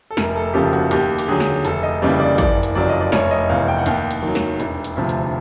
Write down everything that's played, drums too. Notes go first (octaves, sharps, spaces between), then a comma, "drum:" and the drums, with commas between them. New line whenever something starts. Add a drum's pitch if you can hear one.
A4
F1 A#4, drum: snare
A4
D#2 C#3 F3 G4
F#4
D#2 G4, drum: hi-hat
G4, drum: hi-hat
D3 F#3 G#4
drum: snare
F1 A4, drum: hi-hat
D#5
D#2 C#3 E3 G3 D5
D5
F#1 D5, drum: kick, hi-hat
drum: hi-hat
F2 C#3 F#3 D5
D#5
D5
F1 C#5, drum: snare
D#5
E2 C3 F5
G5
F#5
D#2 G5, drum: hi-hat
drum: hi-hat
D#3 F#3
drum: snare
E1, drum: hi-hat
drum: hi-hat
D2 C3 F3
drum: hi-hat